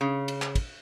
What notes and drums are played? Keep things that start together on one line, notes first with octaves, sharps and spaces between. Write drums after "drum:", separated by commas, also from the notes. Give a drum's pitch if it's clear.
C#3
drum: cymbal
drum: clap
drum: kick, cymbal